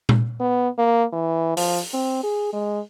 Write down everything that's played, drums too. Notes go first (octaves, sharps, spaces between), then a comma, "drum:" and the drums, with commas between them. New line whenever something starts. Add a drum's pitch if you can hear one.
drum: tom A#2
B3
A#3
E3
F3, drum: open hi-hat
C4
G#4
G#3